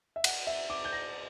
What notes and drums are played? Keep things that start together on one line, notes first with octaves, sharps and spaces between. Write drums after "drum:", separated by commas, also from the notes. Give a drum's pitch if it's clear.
E5
F#5, drum: cymbal
E5
D6
G6
A#6